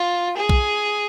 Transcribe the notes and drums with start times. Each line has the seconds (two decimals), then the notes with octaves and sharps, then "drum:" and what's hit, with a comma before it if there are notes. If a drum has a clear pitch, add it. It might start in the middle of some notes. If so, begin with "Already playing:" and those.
Already playing: F4
0.37 G#4
0.49 drum: kick B1